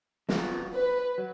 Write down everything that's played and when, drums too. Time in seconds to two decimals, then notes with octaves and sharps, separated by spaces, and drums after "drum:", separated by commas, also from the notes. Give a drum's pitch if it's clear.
0.29 F#3 B3 F4, drum: snare
0.74 B4
1.18 F#3